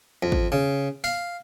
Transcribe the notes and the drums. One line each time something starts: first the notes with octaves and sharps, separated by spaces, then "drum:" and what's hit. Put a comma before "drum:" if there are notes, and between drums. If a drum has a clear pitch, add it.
F2
drum: kick
C#3
F5, drum: open hi-hat